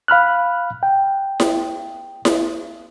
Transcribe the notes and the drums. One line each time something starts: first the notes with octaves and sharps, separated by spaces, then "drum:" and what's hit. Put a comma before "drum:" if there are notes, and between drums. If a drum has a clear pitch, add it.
F5 B5 F6 F#6
G5
drum: snare E4
drum: snare E4